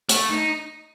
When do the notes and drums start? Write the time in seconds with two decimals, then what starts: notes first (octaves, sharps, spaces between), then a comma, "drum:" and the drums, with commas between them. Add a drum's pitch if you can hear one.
0.09 A3, drum: hi-hat
0.30 D#4